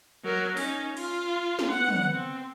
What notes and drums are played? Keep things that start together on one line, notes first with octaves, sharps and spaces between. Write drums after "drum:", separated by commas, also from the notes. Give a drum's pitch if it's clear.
F#3 A#4
C#4 D#4, drum: open hi-hat
F4, drum: cymbal
drum: snare
B3 F#5
drum: tom
C4